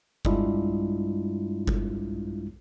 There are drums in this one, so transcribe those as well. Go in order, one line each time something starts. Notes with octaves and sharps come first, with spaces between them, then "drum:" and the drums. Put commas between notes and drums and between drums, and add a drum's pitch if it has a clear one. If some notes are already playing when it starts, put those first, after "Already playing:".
G2 G3 G#3 D4 E4 F4, drum: kick F#1
drum: kick F#1